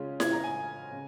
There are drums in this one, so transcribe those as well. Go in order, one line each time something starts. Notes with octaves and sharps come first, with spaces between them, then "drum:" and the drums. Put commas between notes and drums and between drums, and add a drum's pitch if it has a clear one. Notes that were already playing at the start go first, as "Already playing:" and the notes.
Already playing: C#3 G#3 C#4 F4
G#6, drum: snare E4
A#5
G#5
C#3